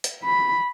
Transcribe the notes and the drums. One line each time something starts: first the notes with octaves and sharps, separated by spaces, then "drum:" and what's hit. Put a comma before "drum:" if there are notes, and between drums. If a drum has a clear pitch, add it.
drum: hi-hat
B5